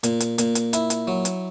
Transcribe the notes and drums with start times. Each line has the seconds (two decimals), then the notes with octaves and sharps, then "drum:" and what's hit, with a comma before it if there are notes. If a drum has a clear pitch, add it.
0.03 A#2, drum: hi-hat
0.20 drum: hi-hat
0.38 A#2, drum: hi-hat
0.55 drum: hi-hat
0.73 E4, drum: hi-hat
0.90 drum: hi-hat
1.07 F#3
1.25 drum: hi-hat